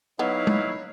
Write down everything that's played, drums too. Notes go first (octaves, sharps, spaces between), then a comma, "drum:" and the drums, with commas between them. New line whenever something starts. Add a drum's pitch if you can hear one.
F#3 B3 D#4 E4 C#5 F5
drum: tom